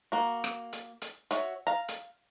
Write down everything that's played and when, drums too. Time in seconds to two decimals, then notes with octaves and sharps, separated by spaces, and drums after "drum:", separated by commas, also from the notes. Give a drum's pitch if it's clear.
0.12 A#3 F#4
0.44 drum: rim click
0.73 drum: hi-hat
1.02 drum: hi-hat
1.31 F#4 C#5 E5, drum: hi-hat
1.67 F5 A#5
1.89 drum: hi-hat